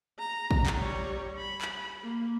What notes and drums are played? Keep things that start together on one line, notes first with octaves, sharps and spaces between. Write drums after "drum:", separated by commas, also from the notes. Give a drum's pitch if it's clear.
A#5
drum: kick
drum: clap
G3 C#5
B5
drum: clap
A#3